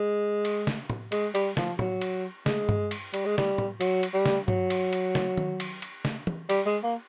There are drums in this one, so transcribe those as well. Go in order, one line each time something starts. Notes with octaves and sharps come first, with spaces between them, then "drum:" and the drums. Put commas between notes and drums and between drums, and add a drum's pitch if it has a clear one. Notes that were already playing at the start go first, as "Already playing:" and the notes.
Already playing: G#3
drum: cymbal
drum: snare
drum: tom A2
G#3, drum: cymbal
G3, drum: cymbal
F3, drum: snare
F#3, drum: tom A2
drum: cymbal
G#3, drum: snare
drum: tom G2
drum: cymbal
G3, drum: cymbal
G#3
G3, drum: snare
drum: tom A2
F#3, drum: cymbal
drum: cymbal
G3
drum: snare
F#3, drum: tom G2
drum: cymbal
drum: cymbal
drum: snare
drum: tom D#3
drum: cymbal
drum: cymbal
drum: snare
drum: tom
G3, drum: cymbal
G#3
A#3